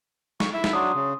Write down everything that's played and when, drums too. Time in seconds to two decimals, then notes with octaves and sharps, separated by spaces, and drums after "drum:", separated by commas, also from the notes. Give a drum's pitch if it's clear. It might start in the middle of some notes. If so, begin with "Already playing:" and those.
0.40 C#6, drum: snare
0.54 E4 E5
0.64 drum: snare
0.73 F#3 D4 C6 D#6
0.95 C#3